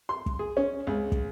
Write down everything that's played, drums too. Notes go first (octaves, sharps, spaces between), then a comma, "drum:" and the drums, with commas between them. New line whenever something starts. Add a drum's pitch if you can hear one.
C6
drum: kick
G#4
C#4
C#2
drum: kick